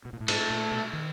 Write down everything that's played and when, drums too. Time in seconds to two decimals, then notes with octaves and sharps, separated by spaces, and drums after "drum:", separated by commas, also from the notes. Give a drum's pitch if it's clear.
0.05 B2
0.13 A#2
0.20 A2
0.28 G#2 A3, drum: cymbal
0.50 A#2
0.71 B2
0.93 D#3